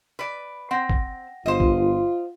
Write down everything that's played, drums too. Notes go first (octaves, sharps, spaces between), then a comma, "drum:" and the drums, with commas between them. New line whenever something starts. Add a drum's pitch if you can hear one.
B4 D5
C4 F#5 A#6
drum: kick
G1 F4 C5 D#5
drum: kick